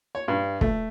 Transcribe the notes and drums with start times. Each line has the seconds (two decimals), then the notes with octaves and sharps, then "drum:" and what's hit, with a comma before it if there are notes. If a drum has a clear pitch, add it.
0.15 C#5
0.28 G2
0.61 A3, drum: kick